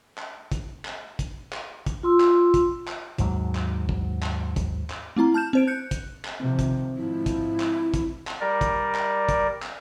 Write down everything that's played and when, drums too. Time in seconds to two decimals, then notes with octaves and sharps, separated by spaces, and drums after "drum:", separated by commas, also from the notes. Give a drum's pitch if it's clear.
0.18 drum: clap
0.52 drum: kick, hi-hat
0.85 drum: clap
1.19 drum: kick, hi-hat
1.53 drum: clap
1.86 drum: kick, hi-hat
2.03 F4 C6 E6
2.20 drum: clap
2.54 drum: kick, hi-hat
2.88 drum: clap
3.18 D#2 G#2 F#3, drum: kick, hi-hat
3.55 drum: clap
3.89 drum: kick
4.23 drum: clap
4.56 drum: kick, hi-hat
4.90 drum: clap
5.16 A3 C4 E4 A#5
5.34 A5 F6 G6 E7
5.53 C4 C5 D7
5.67 F#6 G6 C#7
5.91 drum: kick, hi-hat
6.25 drum: clap
6.40 C3 D#3 F3 C4
6.59 drum: kick, hi-hat
6.96 G#2 F3 E4
7.26 drum: kick, hi-hat
7.60 drum: clap
7.94 drum: kick, hi-hat
8.27 drum: clap
8.41 G3 A#4 D5
8.61 drum: kick, hi-hat
8.95 drum: clap
9.29 drum: kick, hi-hat
9.62 drum: clap